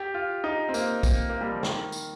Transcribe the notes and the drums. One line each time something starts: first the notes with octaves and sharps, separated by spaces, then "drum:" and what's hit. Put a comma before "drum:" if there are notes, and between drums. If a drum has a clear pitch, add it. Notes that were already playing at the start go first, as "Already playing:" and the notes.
Already playing: G4
F4
D#4
C4
A#3, drum: tambourine
drum: kick, tambourine
A#3
G3
F3
D#3, drum: snare
drum: tambourine